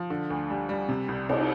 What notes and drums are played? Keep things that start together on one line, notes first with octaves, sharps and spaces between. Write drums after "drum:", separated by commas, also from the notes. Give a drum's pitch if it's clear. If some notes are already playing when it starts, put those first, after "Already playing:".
Already playing: F3
D3
D2
G3
G3
C3
C2
C2, drum: cymbal